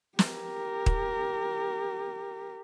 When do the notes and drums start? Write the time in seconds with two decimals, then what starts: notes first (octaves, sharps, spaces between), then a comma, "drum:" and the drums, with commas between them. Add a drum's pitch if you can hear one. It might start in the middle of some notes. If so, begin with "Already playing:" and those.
0.19 G4 A#4, drum: snare
0.86 drum: kick